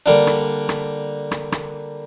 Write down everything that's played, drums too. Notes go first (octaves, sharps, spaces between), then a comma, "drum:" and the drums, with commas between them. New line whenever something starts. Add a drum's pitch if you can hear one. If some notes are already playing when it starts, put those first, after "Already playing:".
D3 G3 A#3 D4
drum: rim click
drum: rim click
drum: rim click
drum: rim click